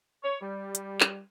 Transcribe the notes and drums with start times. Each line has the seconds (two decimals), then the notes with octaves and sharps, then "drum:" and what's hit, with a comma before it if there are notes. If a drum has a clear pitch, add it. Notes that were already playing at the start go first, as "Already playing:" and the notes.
0.23 C#5
0.41 G3
0.75 drum: hi-hat
1.00 drum: clap